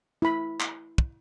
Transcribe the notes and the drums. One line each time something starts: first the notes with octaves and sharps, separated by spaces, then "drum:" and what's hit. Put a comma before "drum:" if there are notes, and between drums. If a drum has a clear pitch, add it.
E4 B5
drum: clap
drum: kick